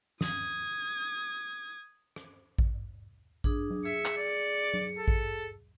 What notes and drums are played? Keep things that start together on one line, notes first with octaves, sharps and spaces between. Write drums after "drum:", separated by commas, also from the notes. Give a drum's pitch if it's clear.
D#6 G#6, drum: snare
drum: rim click
drum: kick A1
D4 G#4 D#6, drum: kick A1
drum: tom F#3
G#4 E5 C#7
drum: clap
D5
drum: tom F#3
A4
drum: kick A1